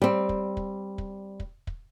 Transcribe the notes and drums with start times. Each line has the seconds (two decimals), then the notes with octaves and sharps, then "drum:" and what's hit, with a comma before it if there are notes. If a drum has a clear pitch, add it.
0.02 G3 C4
0.29 drum: kick
0.57 drum: kick
0.98 drum: kick
1.40 drum: kick
1.67 drum: kick